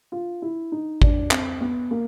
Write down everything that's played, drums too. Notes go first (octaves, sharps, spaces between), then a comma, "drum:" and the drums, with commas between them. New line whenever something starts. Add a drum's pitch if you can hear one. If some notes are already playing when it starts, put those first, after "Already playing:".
F4
E4
D#4
D4, drum: kick G#1
C4, drum: clap
B3
A#3